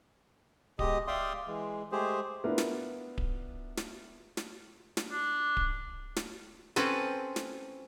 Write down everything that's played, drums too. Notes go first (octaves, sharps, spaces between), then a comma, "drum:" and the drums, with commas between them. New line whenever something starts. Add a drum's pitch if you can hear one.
B2 G#3 G4 D#5 D#6, drum: kick D1
D5 E5 F5 G5 C6 D#6
E3 G#3
G#3 A3 G4 G#4 C5
B3 D4 E4 F4 A#4 B4
drum: snare
drum: kick D1
drum: snare
drum: snare
drum: snare
D4
drum: kick D1
drum: snare
C4 C#4 A4 B4, drum: snare
drum: snare